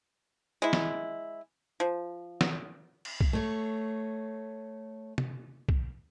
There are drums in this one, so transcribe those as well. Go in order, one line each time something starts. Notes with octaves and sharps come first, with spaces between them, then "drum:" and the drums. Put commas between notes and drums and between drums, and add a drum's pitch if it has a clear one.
G#3 E4
drum: snare
F3
drum: snare
drum: cymbal
drum: kick
A3 C#5
drum: tom C3
drum: kick